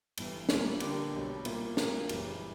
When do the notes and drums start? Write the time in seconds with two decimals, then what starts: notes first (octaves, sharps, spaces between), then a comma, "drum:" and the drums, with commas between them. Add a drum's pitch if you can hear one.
0.17 G1 G2 E3, drum: cymbal
0.49 A#1 A#2 G3 A#3, drum: snare
0.80 D3 A#3 D4 G4, drum: cymbal
1.13 B1 B2 G3
1.45 A#2 A#3 E4, drum: cymbal
1.77 A#2 F#3 A#3, drum: snare
2.09 F#1 F#2 E3 G3, drum: cymbal